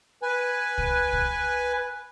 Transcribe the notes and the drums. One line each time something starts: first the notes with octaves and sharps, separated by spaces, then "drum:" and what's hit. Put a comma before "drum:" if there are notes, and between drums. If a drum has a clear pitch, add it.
B4 G#5
drum: kick
drum: kick